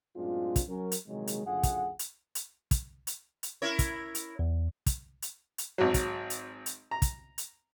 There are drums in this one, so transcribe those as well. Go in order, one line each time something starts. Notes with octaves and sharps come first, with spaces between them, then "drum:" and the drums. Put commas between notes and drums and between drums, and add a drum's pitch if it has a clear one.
F#2 A2 G#3 C4 D4 F4
drum: kick, hi-hat
F#3 C#4 A#4
drum: hi-hat
A#1 C3 D#3 F#3 G#3
drum: hi-hat
F#1 F#2 D3 F4 G#4 F#5
drum: kick, hi-hat
drum: hi-hat
drum: hi-hat
drum: kick, hi-hat
drum: hi-hat
drum: hi-hat
E4 A#4 C#5
drum: kick, hi-hat
drum: hi-hat
E2
drum: kick, hi-hat
drum: hi-hat
drum: hi-hat
G#1 F#3
drum: kick, hi-hat
drum: hi-hat
drum: hi-hat
A#5
drum: kick, hi-hat
drum: hi-hat